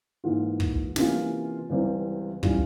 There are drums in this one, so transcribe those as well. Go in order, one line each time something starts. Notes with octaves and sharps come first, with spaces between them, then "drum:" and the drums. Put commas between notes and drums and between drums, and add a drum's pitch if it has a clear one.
G#2 E3 A#3 F4
drum: kick
C3 E3 A#3 C#4 F4, drum: snare
C#2 C3 E3 G3 C4
E3 G3 C#4 F4, drum: kick